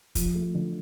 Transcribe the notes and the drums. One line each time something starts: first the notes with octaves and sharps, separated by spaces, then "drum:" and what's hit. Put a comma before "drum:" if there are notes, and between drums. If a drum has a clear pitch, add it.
F3, drum: kick, hi-hat
A3
D3